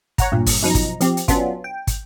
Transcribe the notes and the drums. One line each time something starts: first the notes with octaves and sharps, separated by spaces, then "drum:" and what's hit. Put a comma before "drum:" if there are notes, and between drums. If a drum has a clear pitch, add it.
C#5 F#5 A#5, drum: kick, hi-hat
G2 A#2
drum: kick, open hi-hat
F#2 B2 F3 D#4 A#5
drum: kick, hi-hat
F3 C4 G4, drum: hi-hat
drum: hi-hat
F#3 B3 C#4 D4 F4, drum: kick, hi-hat
G5
drum: kick, hi-hat